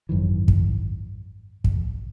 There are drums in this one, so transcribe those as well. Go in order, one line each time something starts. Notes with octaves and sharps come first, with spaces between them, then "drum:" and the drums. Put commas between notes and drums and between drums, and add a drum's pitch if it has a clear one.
G#1 F#2 D#3 E3
drum: kick
drum: kick